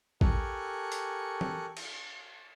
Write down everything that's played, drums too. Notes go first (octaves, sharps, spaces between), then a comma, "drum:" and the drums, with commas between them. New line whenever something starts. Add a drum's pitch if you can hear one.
G4 A4 A#4 G#5 C#6 F#6, drum: kick A1
drum: hi-hat
drum: tom E3
drum: cymbal